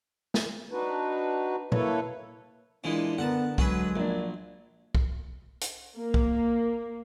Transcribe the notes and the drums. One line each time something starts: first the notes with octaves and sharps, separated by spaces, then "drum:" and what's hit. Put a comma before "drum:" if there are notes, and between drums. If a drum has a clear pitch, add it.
drum: snare
D4 D#4 F#4 B4
A#3 E4 A4 B4 C#5, drum: tom
A#2 E3 G#3 D4
D3 B3 A#4 F#5 A5
F#3 G#3 F#4 G#4 B4, drum: kick C2
A#1 A#3 D4
drum: kick C2
drum: hi-hat
A#3
drum: kick C2